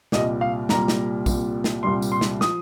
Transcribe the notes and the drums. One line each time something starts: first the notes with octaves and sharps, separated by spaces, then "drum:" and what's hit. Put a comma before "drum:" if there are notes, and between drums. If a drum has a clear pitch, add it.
C2 A#2 G3 D#5, drum: snare
F5
C2 A#2 G3 A#5, drum: snare
drum: snare
C2 A#2 G3, drum: kick A#1, tambourine
drum: snare
C2 A#2 G3 C6
drum: tambourine
C6
drum: snare
F3 D#6, drum: snare